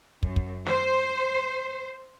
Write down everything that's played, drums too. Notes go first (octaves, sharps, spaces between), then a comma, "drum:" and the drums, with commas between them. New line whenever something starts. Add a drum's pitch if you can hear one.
F#2, drum: kick
drum: kick
C5, drum: snare